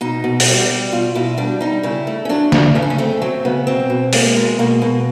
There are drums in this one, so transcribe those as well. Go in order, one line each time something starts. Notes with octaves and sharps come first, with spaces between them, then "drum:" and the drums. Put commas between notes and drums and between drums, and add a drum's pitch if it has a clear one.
B2 D#4
B2
F#4, drum: open hi-hat
G3 G4
G3
B2 F4
B2 E4
G3 D4
G3 D#4
C#3 E4
A3
C#4
F#3 D4
C#3, drum: snare
C#3 C#4
D4
C#4
A3 C4
F#3 C4
C#3 B3
B2 C4
B2
G#3 A#3, drum: open hi-hat
G#3
B2 A#3
B2